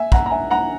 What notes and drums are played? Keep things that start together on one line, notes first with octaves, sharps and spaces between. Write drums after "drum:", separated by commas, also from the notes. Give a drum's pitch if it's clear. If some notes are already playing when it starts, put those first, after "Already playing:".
Already playing: E5 G#5
F#5 A#5, drum: kick
A#5
E5 G#5
F#5 A#5